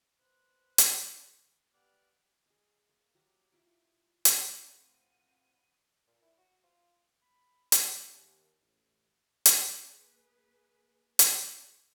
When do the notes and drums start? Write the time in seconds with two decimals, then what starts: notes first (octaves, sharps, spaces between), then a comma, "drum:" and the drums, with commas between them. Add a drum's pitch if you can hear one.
0.19 B4 C5 F#6
0.78 drum: hi-hat
1.73 B3 G4 D5 D6 F6 F#6
2.46 G#4 D#5
2.89 A#3
3.15 F#3 G4 F#5 A#5
3.52 E4 F4 G4
4.25 drum: hi-hat
4.54 A2 F3 C4 B4 F5 F#5 D#7
6.07 A#2
6.22 E4
6.38 F#4
6.64 F4
7.22 B5
7.72 drum: hi-hat
7.99 D#2
8.58 A1
9.46 drum: hi-hat
9.55 A#3 G#4 B4
11.19 drum: hi-hat